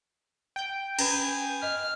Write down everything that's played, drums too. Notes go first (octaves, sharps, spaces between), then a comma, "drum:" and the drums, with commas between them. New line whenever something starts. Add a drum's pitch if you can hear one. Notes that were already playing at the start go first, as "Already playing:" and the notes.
G5 G6
C#4 B4 G#5 B5, drum: cymbal
D#5 F6